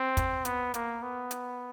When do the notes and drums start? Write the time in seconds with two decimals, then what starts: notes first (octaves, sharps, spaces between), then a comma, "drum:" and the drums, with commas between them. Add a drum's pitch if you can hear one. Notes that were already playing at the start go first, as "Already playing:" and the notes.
Already playing: C4
0.17 drum: kick, hi-hat
0.45 B3, drum: hi-hat
0.74 A#3, drum: hi-hat
1.02 B3
1.31 drum: hi-hat